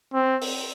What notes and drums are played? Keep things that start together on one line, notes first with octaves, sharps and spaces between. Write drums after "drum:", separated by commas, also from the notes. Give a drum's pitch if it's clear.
C4
drum: open hi-hat